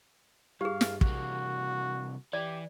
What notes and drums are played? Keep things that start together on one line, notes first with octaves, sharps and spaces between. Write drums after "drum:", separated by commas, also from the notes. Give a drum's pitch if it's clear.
G2 G4 G#4 F5
drum: snare
C2 A#3 F#4, drum: kick
E3 G4 D5